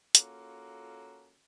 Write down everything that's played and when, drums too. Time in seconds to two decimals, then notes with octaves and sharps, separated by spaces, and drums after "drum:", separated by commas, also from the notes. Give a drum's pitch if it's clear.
0.15 A#3 C#4 F4 F#4 A4, drum: hi-hat